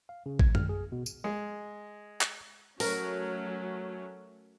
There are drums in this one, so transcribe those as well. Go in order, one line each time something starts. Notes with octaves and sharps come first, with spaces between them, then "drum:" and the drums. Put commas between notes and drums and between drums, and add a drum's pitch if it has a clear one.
F5
C#3
G#6, drum: kick
F6, drum: tom F#2
G#4
B2
drum: tambourine
G#3
drum: clap
F#3 A3 C#4 A#4, drum: open hi-hat